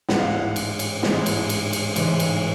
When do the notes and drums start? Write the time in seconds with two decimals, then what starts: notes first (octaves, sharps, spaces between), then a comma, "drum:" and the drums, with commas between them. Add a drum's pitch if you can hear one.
0.08 A1 G#2 E3 G#3 F#5, drum: snare
0.19 F5
0.29 F#5
0.56 drum: cymbal
0.79 drum: cymbal
1.03 A1 G#2 E3 G#3, drum: snare
1.26 drum: cymbal
1.49 drum: cymbal
1.73 drum: cymbal
1.96 A1 G#2 E3 G#3, drum: cymbal
2.20 drum: cymbal